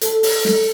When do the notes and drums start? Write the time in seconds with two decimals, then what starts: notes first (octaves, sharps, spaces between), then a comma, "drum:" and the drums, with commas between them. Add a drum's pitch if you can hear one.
0.01 A4, drum: hi-hat
0.23 drum: open hi-hat
0.45 drum: snare